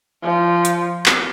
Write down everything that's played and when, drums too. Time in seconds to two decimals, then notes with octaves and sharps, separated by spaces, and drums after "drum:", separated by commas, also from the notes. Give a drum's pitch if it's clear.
0.23 F3
0.65 drum: hi-hat
1.06 drum: clap